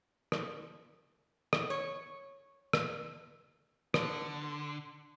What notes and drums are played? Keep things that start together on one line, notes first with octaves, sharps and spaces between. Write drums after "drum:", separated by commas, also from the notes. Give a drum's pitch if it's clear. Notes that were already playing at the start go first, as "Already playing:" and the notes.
drum: rim click
drum: rim click
C#5
drum: rim click
D3, drum: rim click